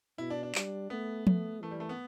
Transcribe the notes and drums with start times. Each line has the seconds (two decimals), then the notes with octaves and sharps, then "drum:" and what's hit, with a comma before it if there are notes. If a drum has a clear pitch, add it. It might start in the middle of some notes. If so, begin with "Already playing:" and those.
0.18 B2 E4
0.30 D4
0.43 D4
0.55 G3, drum: clap
0.90 A3 B3
1.27 A3, drum: tom F3
1.62 E3 A3
1.71 G3
1.80 A3
1.89 B3